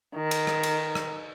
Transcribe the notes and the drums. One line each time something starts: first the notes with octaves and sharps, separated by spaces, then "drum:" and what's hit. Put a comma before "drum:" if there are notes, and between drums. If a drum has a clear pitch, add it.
D#3
drum: cymbal
drum: rim click
drum: cymbal
drum: rim click